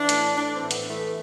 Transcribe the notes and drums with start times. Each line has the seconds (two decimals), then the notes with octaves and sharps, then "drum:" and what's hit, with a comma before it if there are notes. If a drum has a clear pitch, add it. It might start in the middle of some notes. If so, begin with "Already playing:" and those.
Already playing: E3 D4
0.09 A2, drum: hi-hat
0.36 E3 D4
0.53 C4
0.62 A2
0.71 B3, drum: hi-hat
0.89 E3 A3